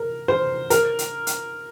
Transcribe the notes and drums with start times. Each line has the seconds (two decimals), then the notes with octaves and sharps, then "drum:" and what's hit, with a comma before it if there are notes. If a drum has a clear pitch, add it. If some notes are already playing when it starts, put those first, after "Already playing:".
Already playing: A#4
0.28 C5
0.70 A#4, drum: hi-hat
0.99 drum: hi-hat
1.27 drum: hi-hat